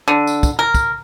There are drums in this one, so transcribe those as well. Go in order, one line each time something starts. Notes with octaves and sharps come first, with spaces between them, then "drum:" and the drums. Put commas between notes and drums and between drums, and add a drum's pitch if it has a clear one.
D3
drum: tambourine
drum: kick, tambourine
A#4
drum: kick, tambourine